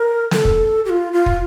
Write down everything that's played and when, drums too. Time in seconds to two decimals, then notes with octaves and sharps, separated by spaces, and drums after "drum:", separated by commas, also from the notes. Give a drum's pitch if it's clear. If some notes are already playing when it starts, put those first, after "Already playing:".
Already playing: A#4
0.31 A4, drum: snare
0.45 drum: kick
0.85 G4
0.90 F4
1.13 F4
1.26 drum: kick